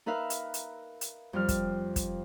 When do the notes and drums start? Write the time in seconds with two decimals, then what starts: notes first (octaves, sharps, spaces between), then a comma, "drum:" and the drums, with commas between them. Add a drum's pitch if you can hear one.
0.06 D#4 A#4 B4 E5 F5
0.30 drum: hi-hat
0.54 drum: hi-hat
1.01 drum: hi-hat
1.33 F2 G3 F6
1.49 drum: kick, hi-hat
1.96 drum: kick, hi-hat